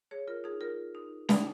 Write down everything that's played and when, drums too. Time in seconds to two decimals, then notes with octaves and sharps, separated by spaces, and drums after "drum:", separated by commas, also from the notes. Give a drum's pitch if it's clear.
0.11 G#4 C#5
0.28 F4 A#4
0.44 D#4 G#4
0.61 F4 A#4
0.95 D#4
1.29 D#4, drum: snare